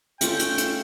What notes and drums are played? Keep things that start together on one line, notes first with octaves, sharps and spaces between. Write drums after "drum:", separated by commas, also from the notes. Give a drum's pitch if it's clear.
A3 C#4 F4 G5, drum: hi-hat
drum: hi-hat
drum: hi-hat